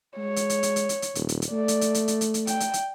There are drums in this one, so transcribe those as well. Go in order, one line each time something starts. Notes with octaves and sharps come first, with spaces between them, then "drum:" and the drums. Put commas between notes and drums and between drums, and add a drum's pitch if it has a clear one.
G#3 C#5
drum: hi-hat
drum: hi-hat
drum: hi-hat
drum: hi-hat
drum: hi-hat
drum: hi-hat
D#1, drum: hi-hat
drum: hi-hat
drum: hi-hat
A3 D5
drum: hi-hat
drum: hi-hat
drum: hi-hat
drum: hi-hat
drum: hi-hat
drum: hi-hat
G5, drum: hi-hat
drum: hi-hat
drum: hi-hat